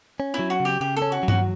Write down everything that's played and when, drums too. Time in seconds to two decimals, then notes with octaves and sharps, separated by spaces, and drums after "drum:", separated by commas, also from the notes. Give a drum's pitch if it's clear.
0.20 C#4
0.34 E4
0.39 F#3
0.50 F#4
0.60 C#3
0.65 G4
0.81 C#3 G4
0.96 A4
1.02 C#4
1.12 F#4
1.23 F#3
1.28 F#4, drum: tom G2